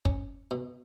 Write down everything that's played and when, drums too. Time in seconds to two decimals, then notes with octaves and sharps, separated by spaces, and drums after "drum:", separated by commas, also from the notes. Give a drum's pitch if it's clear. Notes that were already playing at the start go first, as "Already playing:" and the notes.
0.05 C#4, drum: kick
0.51 B2